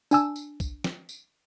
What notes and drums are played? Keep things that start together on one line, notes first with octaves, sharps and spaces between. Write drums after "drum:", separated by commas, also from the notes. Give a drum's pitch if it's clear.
D4 G#5 E6, drum: tambourine
drum: tambourine
drum: kick C2, tambourine
drum: snare
drum: tambourine